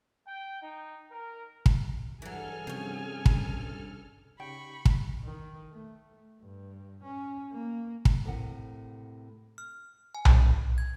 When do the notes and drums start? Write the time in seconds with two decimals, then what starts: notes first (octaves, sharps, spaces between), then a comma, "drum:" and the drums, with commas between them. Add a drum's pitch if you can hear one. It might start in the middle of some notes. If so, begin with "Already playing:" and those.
0.25 G5
0.60 D#4
1.11 A#4
1.66 drum: kick
2.22 G2 E3 F#3 G#4 A4 G#5 F6
2.67 C3 F3 C#4
3.26 drum: kick
4.40 C#3 D#4 G4 G5 B5 C#6
4.85 drum: kick
5.24 D#3
5.71 A3
6.41 G2
7.03 C#4
7.52 A#3
8.05 drum: kick
8.25 A2 C3 A#4 F#5
9.58 F6
10.15 G#5
10.25 drum: tom B1
10.78 G#6